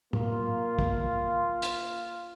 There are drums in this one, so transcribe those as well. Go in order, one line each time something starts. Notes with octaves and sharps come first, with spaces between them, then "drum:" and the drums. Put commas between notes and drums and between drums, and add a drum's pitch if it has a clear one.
A#3 F4, drum: tom
drum: kick
drum: hi-hat